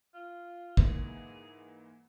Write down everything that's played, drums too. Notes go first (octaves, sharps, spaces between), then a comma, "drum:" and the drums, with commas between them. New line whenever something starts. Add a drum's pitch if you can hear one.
F4
G#2 E3 A#3 G#4, drum: kick